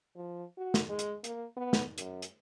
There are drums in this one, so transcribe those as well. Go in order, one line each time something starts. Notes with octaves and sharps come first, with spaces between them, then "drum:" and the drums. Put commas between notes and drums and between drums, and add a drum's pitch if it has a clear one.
F3
F#4
drum: snare
G#3
drum: hi-hat
A#3, drum: hi-hat
B3
drum: snare
F#2, drum: hi-hat
drum: hi-hat